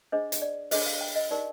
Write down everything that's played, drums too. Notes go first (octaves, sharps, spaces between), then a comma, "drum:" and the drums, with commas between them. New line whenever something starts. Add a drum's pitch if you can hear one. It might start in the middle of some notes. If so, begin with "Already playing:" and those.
D4 G#4 C5 D#5
drum: hi-hat
D5
D4 G#4 C5 D#5, drum: open hi-hat
F5
G5
D#5
D#4 G4 A#4 D5